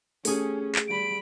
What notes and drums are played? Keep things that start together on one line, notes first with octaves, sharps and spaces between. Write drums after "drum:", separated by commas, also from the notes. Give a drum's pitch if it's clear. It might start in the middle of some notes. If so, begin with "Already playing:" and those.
A3 C#4 G4 G#4 C#7, drum: open hi-hat
drum: clap
G3 B5 D7